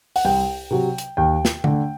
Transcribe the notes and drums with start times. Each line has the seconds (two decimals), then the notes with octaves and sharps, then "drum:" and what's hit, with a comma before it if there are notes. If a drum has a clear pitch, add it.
0.16 F#5, drum: open hi-hat
0.25 C2 G5
0.71 C3 F#3
0.98 drum: hi-hat
1.17 D#2 G5
1.45 drum: snare
1.64 D3 A3, drum: tom D3